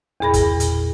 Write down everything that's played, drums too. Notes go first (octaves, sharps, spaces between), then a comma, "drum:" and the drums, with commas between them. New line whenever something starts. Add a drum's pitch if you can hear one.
E2 A#2 G#4 B5 A#6
drum: kick, hi-hat
drum: hi-hat